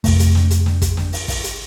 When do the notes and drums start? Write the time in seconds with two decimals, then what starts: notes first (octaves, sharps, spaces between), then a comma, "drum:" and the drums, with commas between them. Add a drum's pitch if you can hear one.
0.04 F2 C3 A3, drum: kick, open hi-hat
0.19 drum: hi-hat
0.35 drum: snare
0.51 drum: hi-hat
0.66 drum: snare
0.82 drum: kick, hi-hat
0.97 drum: snare
1.13 drum: open hi-hat
1.28 drum: kick, open hi-hat
1.44 drum: hi-hat